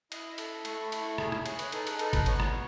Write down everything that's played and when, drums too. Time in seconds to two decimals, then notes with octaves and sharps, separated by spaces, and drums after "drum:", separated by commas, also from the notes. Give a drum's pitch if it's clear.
0.12 E4 D#5, drum: cymbal
0.30 E5
0.38 A4, drum: cymbal
0.48 B5
0.65 A3 C#6, drum: cymbal
0.83 B5
0.92 E4, drum: cymbal
1.01 C#6
1.18 G#4 B5, drum: rim click
1.32 B5, drum: rim click
1.46 G#4 C#5, drum: cymbal
1.59 B4, drum: cymbal
1.72 D#4 A4, drum: cymbal
1.87 B4, drum: cymbal
1.99 D#4 A4, drum: cymbal
2.13 B4, drum: kick G#1, cymbal
2.26 B3 C#5, drum: cymbal
2.40 drum: rim click